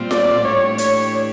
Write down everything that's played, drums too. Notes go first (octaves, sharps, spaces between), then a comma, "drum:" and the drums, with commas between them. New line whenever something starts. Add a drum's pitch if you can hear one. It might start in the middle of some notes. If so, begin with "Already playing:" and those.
Already playing: A#2 G3 C4 F4
D5, drum: snare F4
A2 E3 A3 D4 G4 C#5
C#5, drum: hi-hat